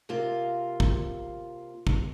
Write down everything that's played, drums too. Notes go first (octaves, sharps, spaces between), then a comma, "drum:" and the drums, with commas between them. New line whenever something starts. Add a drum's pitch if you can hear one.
C3 A#3 F4
drum: kick
drum: kick